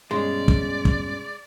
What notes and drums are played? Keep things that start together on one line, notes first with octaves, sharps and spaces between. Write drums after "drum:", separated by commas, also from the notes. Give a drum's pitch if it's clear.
G2 B2 G#3 C#4 D5
drum: kick
drum: kick